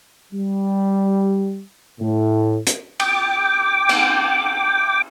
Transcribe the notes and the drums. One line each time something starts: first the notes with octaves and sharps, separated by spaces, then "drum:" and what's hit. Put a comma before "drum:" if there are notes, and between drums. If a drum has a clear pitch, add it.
G3
A2
drum: hi-hat
G5 D6, drum: cymbal
drum: cymbal